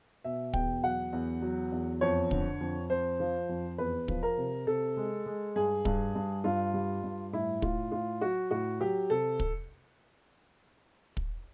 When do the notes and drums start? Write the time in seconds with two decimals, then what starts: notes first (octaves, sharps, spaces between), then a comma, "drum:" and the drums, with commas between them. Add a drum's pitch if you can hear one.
0.24 B2 E5
0.53 E2 G5, drum: kick
0.84 F#3 F#5
1.13 E2
1.42 F#3
1.72 E2
2.01 F2 C#5
2.31 D3, drum: kick
2.61 F2
2.90 F2 C5
3.20 F3
3.49 F2
3.78 E2 B4
4.08 F3, drum: kick
4.23 A#4
4.37 C3
4.67 C3 A4
4.97 G#3
5.26 G#3
5.56 G2 G#4
5.85 G2, drum: kick
6.15 G2
6.44 G2 F4
6.74 G3
7.03 G2
7.33 A2 E4
7.62 A2 F4, drum: kick
7.92 A2 F4
8.21 F#3 F#4
8.51 A2 F#4
8.81 F#3 G4
9.10 C3 A4
9.40 drum: kick
11.17 drum: kick